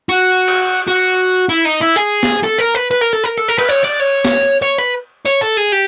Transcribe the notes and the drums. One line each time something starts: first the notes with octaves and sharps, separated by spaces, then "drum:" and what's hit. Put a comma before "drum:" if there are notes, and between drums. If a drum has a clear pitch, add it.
F#4
drum: cymbal
F#4
E4
D#4
E4
G#4
drum: snare
A4
A#4
B4
B4
A#4
A4
A#4
A4
A#4
B4, drum: cymbal
C#5
D5
C#5
drum: snare
C#5
B4
C#5, drum: open hi-hat
A4, drum: tambourine
G#4
G4